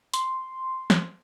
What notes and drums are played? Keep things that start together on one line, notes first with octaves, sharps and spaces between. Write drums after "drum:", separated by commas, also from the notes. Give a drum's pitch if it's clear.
C6, drum: hi-hat
drum: snare